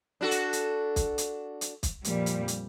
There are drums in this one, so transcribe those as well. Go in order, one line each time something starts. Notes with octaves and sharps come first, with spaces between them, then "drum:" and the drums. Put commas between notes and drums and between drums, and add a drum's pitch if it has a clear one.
D4 F#4 A4
drum: hi-hat
drum: hi-hat
drum: kick, hi-hat
drum: hi-hat
drum: hi-hat
drum: kick, hi-hat
F2 A#2 G3, drum: hi-hat
drum: hi-hat
drum: hi-hat